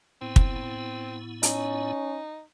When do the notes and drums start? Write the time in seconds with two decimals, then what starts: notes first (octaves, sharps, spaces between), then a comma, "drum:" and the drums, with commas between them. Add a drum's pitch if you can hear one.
0.22 A2 B3 C4 E4
0.36 drum: kick
1.43 C#4 D#4, drum: hi-hat